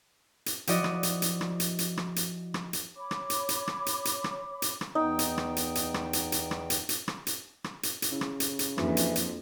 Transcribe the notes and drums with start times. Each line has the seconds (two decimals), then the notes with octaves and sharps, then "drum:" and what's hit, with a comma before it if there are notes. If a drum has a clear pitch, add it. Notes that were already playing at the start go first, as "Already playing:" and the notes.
0.46 drum: hi-hat
0.67 F3 E4 F#4 D5 D#5, drum: hi-hat
0.84 drum: rim click
1.03 drum: hi-hat
1.22 drum: hi-hat
1.41 drum: rim click
1.60 drum: hi-hat
1.79 drum: hi-hat
1.97 drum: rim click
2.16 drum: hi-hat
2.54 drum: rim click
2.73 drum: hi-hat
2.95 C#5 B5 D6
3.11 drum: rim click
3.30 drum: hi-hat
3.49 drum: hi-hat
3.68 drum: rim click
3.86 drum: hi-hat
4.05 drum: hi-hat
4.24 drum: rim click
4.62 drum: hi-hat
4.81 drum: rim click
4.95 E2 B3 D#4 G5
5.19 drum: hi-hat
5.38 drum: rim click
5.56 drum: hi-hat
5.75 drum: hi-hat
5.94 drum: rim click
6.13 drum: hi-hat
6.32 drum: hi-hat
6.51 drum: rim click
6.70 drum: hi-hat
6.89 drum: hi-hat
7.08 drum: rim click
7.27 drum: hi-hat
7.64 drum: rim click
7.83 drum: hi-hat
8.02 drum: hi-hat
8.12 C#3 E4
8.21 drum: rim click
8.40 drum: hi-hat
8.59 drum: hi-hat
8.78 F2 E3 A#3 D4 F#4, drum: rim click
8.97 drum: hi-hat
9.16 drum: hi-hat